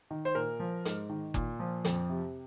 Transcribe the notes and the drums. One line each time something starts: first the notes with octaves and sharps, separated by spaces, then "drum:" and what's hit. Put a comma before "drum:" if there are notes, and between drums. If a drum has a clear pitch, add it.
D#3
C5
A#2 A#4
F3
G#2, drum: hi-hat
D#3
A#2, drum: kick F#1
F3
F2, drum: hi-hat
C3